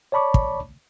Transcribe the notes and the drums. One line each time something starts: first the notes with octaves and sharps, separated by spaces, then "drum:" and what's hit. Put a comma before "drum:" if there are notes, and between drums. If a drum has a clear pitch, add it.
C#5 D5 A5 B5 C#6 D6
drum: kick